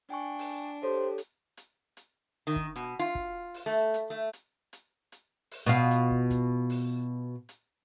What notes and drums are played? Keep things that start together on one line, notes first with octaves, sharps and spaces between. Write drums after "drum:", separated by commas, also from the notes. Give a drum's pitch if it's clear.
D4 G5 G#5 C#6
drum: open hi-hat
G4 A4 C5 C#5
drum: hi-hat
drum: hi-hat
drum: hi-hat
D#3
drum: kick
B2
F4
drum: kick
drum: open hi-hat
A3
drum: hi-hat
A3
drum: hi-hat
drum: hi-hat
drum: hi-hat
drum: open hi-hat
B2 F4
drum: hi-hat
drum: kick
drum: kick, hi-hat
drum: open hi-hat
drum: hi-hat